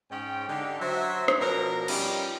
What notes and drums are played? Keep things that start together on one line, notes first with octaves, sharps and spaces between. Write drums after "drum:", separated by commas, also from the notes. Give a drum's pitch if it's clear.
G#2 C#4 G5
D3 D#4 G4
F#3 C5 E5
drum: rim click
B2 F3 D4 A#4 A#5
G3 C#4 D#4 F4 G5 B5, drum: cymbal